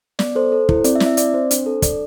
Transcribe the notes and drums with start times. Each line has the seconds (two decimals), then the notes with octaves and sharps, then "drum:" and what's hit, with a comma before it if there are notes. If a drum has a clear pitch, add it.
0.19 B3 D5, drum: snare
0.35 A4 C5
0.52 A4
0.69 E4, drum: kick
0.84 C4 D5, drum: hi-hat
0.95 E5
1.00 E4, drum: snare
1.06 E5
1.17 C4 D5, drum: hi-hat
1.34 C4 C5
1.51 D4, drum: hi-hat
1.66 A4
1.82 D4 D5, drum: kick, hi-hat